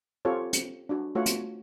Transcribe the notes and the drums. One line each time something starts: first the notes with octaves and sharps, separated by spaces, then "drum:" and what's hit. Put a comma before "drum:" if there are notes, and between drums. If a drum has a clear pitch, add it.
C4 F4 G4 A4 C#5
drum: hi-hat
D4 F#4
A3 F4 F#4 C#5 F#5
drum: hi-hat